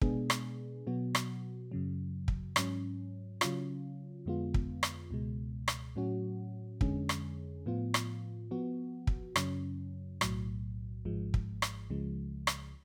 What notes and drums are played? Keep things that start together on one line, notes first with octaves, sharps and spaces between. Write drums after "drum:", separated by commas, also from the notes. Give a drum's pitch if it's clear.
B2 G#3 B3 D4 G#4, drum: kick
drum: rim click
B2 F#3 B3 F#4
drum: rim click
F#2 C#3 F#3
drum: kick
G#2 F#3 C#4, drum: rim click
C#3 F#3 C#4 F4, drum: rim click
F2 D3 G#3 B3 F4
drum: kick
drum: rim click
C#2 B2 G#3
drum: rim click
A2 F#3 C#4 F#4
F2 D3 G#3 C#4 G#4, drum: kick
drum: rim click
A2 F3 B3 F4
drum: rim click
F3 B3 F#4
drum: kick
F#2 C#3 F#3 C#4, drum: rim click
B1 A2 F#3, drum: rim click
G#1 G#2 F3 G#3
drum: kick
drum: rim click
C#2 C#3 F3 G#3
drum: rim click